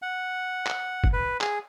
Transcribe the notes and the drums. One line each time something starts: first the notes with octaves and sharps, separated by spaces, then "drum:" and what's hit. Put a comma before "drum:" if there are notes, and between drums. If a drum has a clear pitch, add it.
F#5
drum: clap
drum: kick
B4
G#4, drum: clap